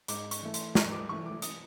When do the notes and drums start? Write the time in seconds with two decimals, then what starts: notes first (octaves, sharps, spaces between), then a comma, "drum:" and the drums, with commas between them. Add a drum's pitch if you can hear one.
0.08 G#2 D6, drum: hi-hat
0.31 C#6, drum: hi-hat
0.42 E3 A3
0.54 C6, drum: hi-hat
0.75 G#2 C#6, drum: snare
0.92 D6
1.09 E3 A3 C#6
1.26 D6
1.42 D#6, drum: hi-hat